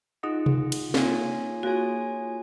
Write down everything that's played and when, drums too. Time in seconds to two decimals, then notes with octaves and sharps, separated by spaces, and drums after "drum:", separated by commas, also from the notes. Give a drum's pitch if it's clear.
0.23 D#4 F4 G#4 D#5 F#5
0.46 drum: tom C3
0.72 drum: cymbal
0.94 A#3 F4 G#4 C#5 G#5, drum: snare
1.63 A#3 F4 F#4 G#4 C#5 G#5